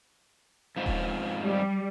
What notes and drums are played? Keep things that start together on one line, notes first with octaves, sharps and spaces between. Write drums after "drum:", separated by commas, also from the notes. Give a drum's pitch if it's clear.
F2 G#2 F3
drum: kick D#1
G3